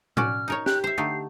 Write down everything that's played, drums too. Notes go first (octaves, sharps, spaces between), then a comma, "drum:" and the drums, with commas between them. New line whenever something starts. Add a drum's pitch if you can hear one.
C#4 F#4 D5 F6, drum: tom A2
D#4 A#4 C#5
G4 F#6, drum: snare
C5 E5 C7
D3 A3 D#4